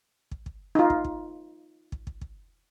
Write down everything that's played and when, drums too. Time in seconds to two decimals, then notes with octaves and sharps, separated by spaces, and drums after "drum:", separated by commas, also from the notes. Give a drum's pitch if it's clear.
0.31 drum: kick
0.46 drum: kick
0.75 D#4 F4
0.90 drum: kick
1.05 drum: kick
1.92 drum: kick
2.07 drum: kick
2.21 drum: kick